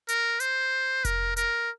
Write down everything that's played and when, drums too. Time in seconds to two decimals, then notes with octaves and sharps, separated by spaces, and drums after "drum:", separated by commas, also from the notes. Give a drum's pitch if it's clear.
0.09 A#4, drum: hi-hat
0.40 C5, drum: hi-hat
1.05 A#4, drum: kick F1, hi-hat
1.37 A#4, drum: hi-hat